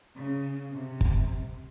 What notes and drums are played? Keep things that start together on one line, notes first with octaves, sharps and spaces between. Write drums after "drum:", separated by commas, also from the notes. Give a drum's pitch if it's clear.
C#3
C3
drum: kick